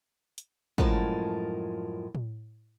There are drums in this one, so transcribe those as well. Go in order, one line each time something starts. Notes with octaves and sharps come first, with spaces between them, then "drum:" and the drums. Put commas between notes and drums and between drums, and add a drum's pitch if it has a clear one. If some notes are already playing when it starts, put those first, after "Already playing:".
drum: hi-hat
F#2 A2 F3 G#3 A#4 A5, drum: kick
drum: tom A2